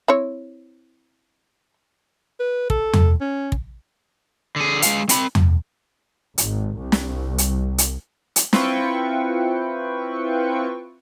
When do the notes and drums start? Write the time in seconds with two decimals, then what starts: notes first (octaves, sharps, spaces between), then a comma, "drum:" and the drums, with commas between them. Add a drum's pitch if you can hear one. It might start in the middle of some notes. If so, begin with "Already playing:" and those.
0.08 C4 E4 C#5
2.40 B4
2.70 A4, drum: kick
2.93 drum: tom E2
3.21 C#4
3.52 drum: kick
4.56 D3 G#4
4.82 G#3 F5, drum: hi-hat
5.09 C4 B5, drum: hi-hat
5.35 drum: tom E2
6.38 G#1, drum: hi-hat
6.77 C2
6.92 drum: snare
7.38 drum: hi-hat
7.78 drum: hi-hat
8.36 drum: hi-hat
8.53 C4 E4 F4 B4 G5 C#6, drum: snare